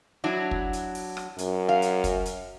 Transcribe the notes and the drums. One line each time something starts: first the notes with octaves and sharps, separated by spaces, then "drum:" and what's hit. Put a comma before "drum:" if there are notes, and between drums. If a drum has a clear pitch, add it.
F#3 D4 E4
drum: kick
drum: hi-hat
drum: open hi-hat
drum: rim click
F#2, drum: hi-hat
F5
drum: hi-hat
drum: kick, hi-hat
drum: hi-hat